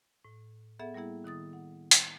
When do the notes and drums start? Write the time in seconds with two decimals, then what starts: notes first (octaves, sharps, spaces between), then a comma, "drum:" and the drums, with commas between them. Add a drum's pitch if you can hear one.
0.25 A2
0.79 B3 G#4 A4 E5 F#5
0.94 G3 A#3 B3 E4 G#4
1.24 D#3 E4 D#6 A6
1.53 F#5
1.91 drum: hi-hat